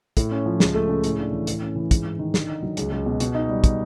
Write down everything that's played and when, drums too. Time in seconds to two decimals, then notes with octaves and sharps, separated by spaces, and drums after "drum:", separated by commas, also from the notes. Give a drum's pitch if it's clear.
0.17 A2, drum: kick, hi-hat
0.31 C#4
0.46 F3
0.60 C#2, drum: snare
0.74 A3
0.89 C#3
1.04 A2, drum: hi-hat
1.19 D4
1.33 E3
1.47 A2, drum: hi-hat
1.62 C#4
1.76 E3
1.91 G#2, drum: kick, hi-hat
2.05 G#2
2.19 D#3
2.34 D3, drum: snare
2.48 D#4
2.63 F#3
2.77 C#2, drum: hi-hat
2.92 C#2
3.06 B2
3.20 B2, drum: hi-hat
3.35 D#4
3.49 G3
3.64 drum: kick, hi-hat